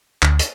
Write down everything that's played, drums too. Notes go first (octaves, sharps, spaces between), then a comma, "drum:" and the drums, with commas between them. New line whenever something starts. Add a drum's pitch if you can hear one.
D2, drum: clap
drum: hi-hat